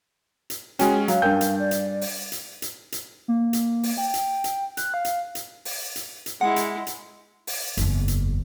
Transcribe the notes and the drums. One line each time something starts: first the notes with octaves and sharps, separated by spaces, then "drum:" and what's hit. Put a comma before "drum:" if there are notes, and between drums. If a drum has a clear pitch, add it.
drum: hi-hat
G#3 C#4 F#4 G5 G#5, drum: hi-hat
F#3 F5, drum: hi-hat
G2 D#4 A#4 G5 G#5 G6
drum: hi-hat
D5
drum: hi-hat
drum: open hi-hat
drum: hi-hat
drum: hi-hat
drum: hi-hat
A#3
drum: hi-hat
drum: open hi-hat
G5
drum: hi-hat
drum: hi-hat
F#6, drum: hi-hat
F5
drum: hi-hat
drum: hi-hat
drum: open hi-hat
drum: hi-hat
drum: hi-hat
G#3 E4 F#5
drum: hi-hat
drum: hi-hat
drum: open hi-hat
F#1 E2, drum: hi-hat
drum: hi-hat